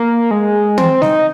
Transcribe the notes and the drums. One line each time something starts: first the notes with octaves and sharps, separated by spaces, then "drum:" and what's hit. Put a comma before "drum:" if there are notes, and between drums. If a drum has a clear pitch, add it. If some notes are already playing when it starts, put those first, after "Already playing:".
Already playing: A#3
G#3
C4, drum: tom
D#4, drum: snare G3